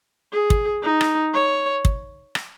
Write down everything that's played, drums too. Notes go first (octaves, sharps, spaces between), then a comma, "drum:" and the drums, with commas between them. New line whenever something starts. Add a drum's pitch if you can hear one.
G#4
drum: kick
D#4
drum: rim click
C#5
drum: kick
drum: rim click